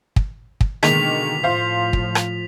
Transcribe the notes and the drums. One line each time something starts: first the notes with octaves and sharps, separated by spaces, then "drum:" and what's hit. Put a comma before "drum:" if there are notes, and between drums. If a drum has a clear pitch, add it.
drum: kick
drum: kick
B2 D3 D#3 G#3 A#3 B6 F7, drum: rim click
A2 F3 C5 F5 C6
drum: kick
drum: rim click